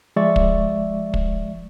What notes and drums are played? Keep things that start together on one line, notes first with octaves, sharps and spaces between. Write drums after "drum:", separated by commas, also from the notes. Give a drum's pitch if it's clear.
F3 G#3 D5 E5 C#6 A6
drum: kick
drum: kick